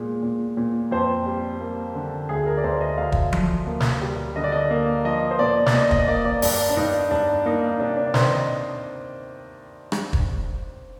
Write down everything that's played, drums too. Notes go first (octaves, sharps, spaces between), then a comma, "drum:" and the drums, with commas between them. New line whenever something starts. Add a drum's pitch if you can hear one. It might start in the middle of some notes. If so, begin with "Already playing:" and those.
Already playing: A#2 G#3
A#2
A#2
F2 C5
G3
A#3
D3
D2 G#4
A#4
D5
D2 C5
D#5
D2 F5
drum: kick
F3, drum: tom F3
A#3
drum: snare
G3
D3 D#5
D5
D#5
A#3
F3 D#5
C5
A#2 D5
D5, drum: snare
A#2 D#5
D#5, drum: kick
A#3 D5
D5
G2 D5, drum: open hi-hat
D4
G2 D#4
G2 D4
A#3 D#4
C3 D4
D4
D5
D#3 C5, drum: snare
D#5
drum: rim click
drum: kick